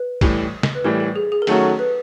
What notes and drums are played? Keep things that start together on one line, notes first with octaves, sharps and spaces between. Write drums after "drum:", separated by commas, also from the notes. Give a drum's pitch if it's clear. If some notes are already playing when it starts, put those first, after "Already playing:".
Already playing: B4
A2 E3 G3, drum: kick, cymbal
drum: snare
B4
A2 E3 G3 A#4
A4
G#4
G#4
A#4
D#3 F#3 A3 C#4 F#4 A4, drum: cymbal
A4
B4